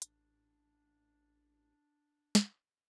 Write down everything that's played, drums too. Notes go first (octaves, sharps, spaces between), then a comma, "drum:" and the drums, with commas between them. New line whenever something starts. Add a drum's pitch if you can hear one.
A1 D4, drum: hi-hat
drum: snare